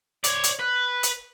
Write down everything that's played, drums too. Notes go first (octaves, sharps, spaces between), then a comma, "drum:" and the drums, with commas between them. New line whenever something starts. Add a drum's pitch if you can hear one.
C#5 D5, drum: hi-hat
drum: hi-hat
B4
drum: hi-hat